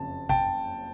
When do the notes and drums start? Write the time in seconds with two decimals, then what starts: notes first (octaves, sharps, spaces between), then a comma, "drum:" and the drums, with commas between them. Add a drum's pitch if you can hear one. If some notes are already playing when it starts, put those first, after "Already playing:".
Already playing: F#1 F2 C#3 A5
0.29 G5 A5, drum: kick